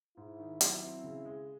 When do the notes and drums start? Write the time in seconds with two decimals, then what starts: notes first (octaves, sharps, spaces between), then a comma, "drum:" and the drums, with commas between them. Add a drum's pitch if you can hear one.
0.17 G#2 E4
0.39 D#3
0.61 F#3, drum: hi-hat
0.82 C4
1.04 C#3
1.25 G#3